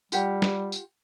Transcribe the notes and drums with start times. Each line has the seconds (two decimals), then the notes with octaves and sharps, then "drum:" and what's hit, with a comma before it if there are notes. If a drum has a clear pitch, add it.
0.12 G3 F4 G4 F#5, drum: tambourine
0.42 drum: snare
0.72 drum: tambourine